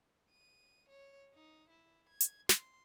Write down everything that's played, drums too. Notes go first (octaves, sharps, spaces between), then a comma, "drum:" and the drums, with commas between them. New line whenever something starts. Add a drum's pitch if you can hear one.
D#7
C#5
D#4
E4
G#6
drum: hi-hat
C6, drum: snare